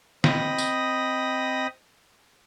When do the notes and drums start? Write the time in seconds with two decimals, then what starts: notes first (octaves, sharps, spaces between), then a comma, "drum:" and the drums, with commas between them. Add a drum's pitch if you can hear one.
0.24 C4 D#5 G5 B5 D#6 A#6, drum: snare
0.58 drum: tambourine